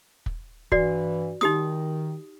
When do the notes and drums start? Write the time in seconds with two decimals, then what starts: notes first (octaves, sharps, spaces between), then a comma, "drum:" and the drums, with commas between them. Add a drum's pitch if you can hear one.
0.26 drum: kick
0.72 G2 E3 F#4 D5, drum: kick
1.41 D#3 D#4 G4 D#6, drum: snare